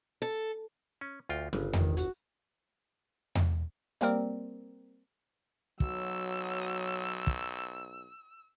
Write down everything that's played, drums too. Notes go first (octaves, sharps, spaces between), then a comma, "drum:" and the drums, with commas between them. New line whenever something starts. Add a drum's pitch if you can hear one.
A4
C#4
D2 F4 G5
G1 C#3, drum: snare
D#3, drum: tom E2
F#4, drum: hi-hat
drum: tom E2
G3 A#3 C4 A#4 D5, drum: hi-hat
B1 F#3 E6, drum: kick
drum: kick